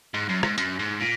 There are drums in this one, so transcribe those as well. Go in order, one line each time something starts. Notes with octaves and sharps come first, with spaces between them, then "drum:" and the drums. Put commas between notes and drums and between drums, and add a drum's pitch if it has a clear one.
G#2
F#2
G#2, drum: rim click
F#2, drum: hi-hat
G#2
A#2